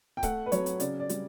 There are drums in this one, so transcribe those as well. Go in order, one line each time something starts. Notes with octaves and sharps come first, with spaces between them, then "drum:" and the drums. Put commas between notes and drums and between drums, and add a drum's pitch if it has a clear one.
G5
A3 F#5, drum: kick C#1, hi-hat
B4
F#3 C#5, drum: hi-hat
drum: hi-hat
C#3 D5, drum: hi-hat
D5
G3, drum: hi-hat